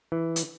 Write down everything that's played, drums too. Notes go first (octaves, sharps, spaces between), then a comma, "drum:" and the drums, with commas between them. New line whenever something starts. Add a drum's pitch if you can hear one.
E3
drum: hi-hat